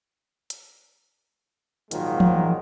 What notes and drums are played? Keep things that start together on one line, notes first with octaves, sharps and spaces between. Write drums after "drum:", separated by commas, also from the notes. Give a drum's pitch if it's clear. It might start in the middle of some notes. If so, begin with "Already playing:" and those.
drum: hi-hat
G#1 A#2 D#3 F3 F#3 G#3, drum: hi-hat
drum: tom E3